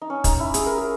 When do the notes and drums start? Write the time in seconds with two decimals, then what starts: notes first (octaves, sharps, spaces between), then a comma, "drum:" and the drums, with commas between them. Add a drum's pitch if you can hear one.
0.01 D#4
0.10 C#4
0.24 D#4, drum: kick, hi-hat
0.40 E4
0.54 G#4, drum: hi-hat
0.66 A#4
0.78 G#4